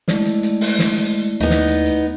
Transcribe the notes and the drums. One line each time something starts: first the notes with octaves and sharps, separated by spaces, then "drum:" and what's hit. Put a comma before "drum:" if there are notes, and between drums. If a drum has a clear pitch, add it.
G#3 A3 E4 D5, drum: snare
drum: hi-hat
drum: hi-hat
drum: open hi-hat
drum: snare
drum: hi-hat
D#2 B3 D#4
drum: snare
drum: hi-hat
drum: hi-hat